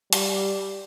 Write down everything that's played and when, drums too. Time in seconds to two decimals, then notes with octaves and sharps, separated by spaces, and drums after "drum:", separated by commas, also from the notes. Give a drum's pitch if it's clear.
0.13 G3, drum: hi-hat